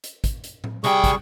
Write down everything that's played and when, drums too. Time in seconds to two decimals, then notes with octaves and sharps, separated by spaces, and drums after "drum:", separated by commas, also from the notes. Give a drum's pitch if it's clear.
0.04 drum: hi-hat
0.24 drum: kick, hi-hat
0.44 drum: hi-hat
0.64 drum: tom A2
0.84 C2 G3 G#4 G5 C#6, drum: hi-hat
1.04 drum: kick, hi-hat